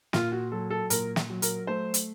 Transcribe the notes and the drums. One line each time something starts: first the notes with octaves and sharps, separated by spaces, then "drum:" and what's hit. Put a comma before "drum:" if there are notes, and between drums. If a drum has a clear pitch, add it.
A#2 F4, drum: snare
F#4
F#3 A4
A4
A#2 A#4, drum: hi-hat
drum: snare
F#3
A#4, drum: hi-hat
A3 C5
drum: hi-hat